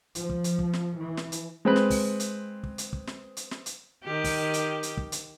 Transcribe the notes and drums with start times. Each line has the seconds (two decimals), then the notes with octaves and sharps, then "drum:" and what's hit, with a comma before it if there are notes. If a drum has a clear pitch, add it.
0.15 F3, drum: hi-hat
0.30 drum: kick
0.44 drum: hi-hat
0.59 drum: kick
0.73 drum: snare
0.96 E3
1.17 drum: snare
1.32 drum: hi-hat
1.65 G#3 C4 B4
1.76 drum: snare
1.90 drum: kick, open hi-hat
2.20 drum: hi-hat
2.63 drum: kick
2.78 drum: hi-hat
2.93 drum: kick
3.07 drum: snare
3.37 drum: hi-hat
3.51 drum: snare
3.66 drum: hi-hat
4.04 D#3 G4
4.24 drum: kick, open hi-hat
4.54 drum: hi-hat
4.83 drum: hi-hat
4.97 drum: kick
5.12 drum: hi-hat